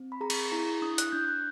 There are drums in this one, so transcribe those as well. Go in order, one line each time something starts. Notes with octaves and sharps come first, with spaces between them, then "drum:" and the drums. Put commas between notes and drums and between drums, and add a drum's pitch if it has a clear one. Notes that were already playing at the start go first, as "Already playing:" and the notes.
Already playing: C4
B5
G#4 A#5
drum: cymbal
E4 A#5
D4 D#6
F#6, drum: hi-hat
D4 G6
F#6